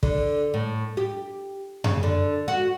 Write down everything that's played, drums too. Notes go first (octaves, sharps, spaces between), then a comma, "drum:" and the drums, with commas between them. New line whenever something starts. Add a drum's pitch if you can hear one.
D3, drum: kick
A2
G4
C#3, drum: tom F#2
D3
F#4